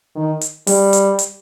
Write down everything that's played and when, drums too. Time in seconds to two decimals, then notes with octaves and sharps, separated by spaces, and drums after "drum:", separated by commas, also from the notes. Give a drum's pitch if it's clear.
0.15 D#3
0.41 drum: hi-hat
0.67 G3, drum: open hi-hat
0.93 drum: hi-hat
1.19 drum: hi-hat